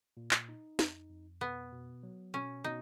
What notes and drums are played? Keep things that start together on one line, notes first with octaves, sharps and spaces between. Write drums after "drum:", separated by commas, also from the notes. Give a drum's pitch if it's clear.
A#2
drum: clap
D#4
F2, drum: snare
F2
B2 B3
B2
F#3
B2 C#4
B2 D#4